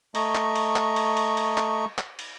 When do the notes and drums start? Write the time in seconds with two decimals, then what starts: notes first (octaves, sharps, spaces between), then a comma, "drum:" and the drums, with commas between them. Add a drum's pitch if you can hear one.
0.15 A3 D#5 A#5 C#6, drum: cymbal
0.35 drum: clap
0.56 drum: cymbal
0.76 drum: clap
0.96 drum: cymbal
1.17 drum: cymbal
1.37 drum: cymbal
1.58 drum: clap
1.98 drum: clap
2.19 drum: cymbal